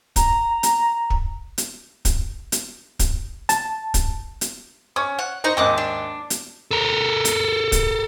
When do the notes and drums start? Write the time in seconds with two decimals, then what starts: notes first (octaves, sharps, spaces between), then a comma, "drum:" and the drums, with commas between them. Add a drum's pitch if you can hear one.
0.16 A#5, drum: kick, hi-hat
0.63 drum: hi-hat
1.10 drum: kick
1.58 drum: hi-hat
2.05 drum: kick, hi-hat
2.52 drum: hi-hat
2.99 drum: kick, hi-hat
3.49 A5, drum: hi-hat
3.94 drum: kick, hi-hat
4.41 drum: hi-hat
4.96 C#4 C#6
5.19 F#5
5.44 D#4 C5 D#5 C#6
5.57 G#1 D#2 D#5 D6 F#6
5.78 D4
6.30 drum: hi-hat
6.71 A4 A#4
7.25 drum: hi-hat
7.72 drum: kick, hi-hat